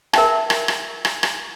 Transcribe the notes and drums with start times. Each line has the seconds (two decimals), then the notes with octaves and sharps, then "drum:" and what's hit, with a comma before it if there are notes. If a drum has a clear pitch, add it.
0.13 A#4 E5 G5 A5, drum: rim click
0.50 drum: rim click
0.68 drum: rim click
1.05 drum: rim click
1.23 drum: rim click